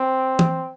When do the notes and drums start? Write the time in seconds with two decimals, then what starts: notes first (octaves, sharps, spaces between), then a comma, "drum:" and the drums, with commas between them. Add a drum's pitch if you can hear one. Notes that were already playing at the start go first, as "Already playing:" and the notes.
Already playing: C4
0.39 drum: tom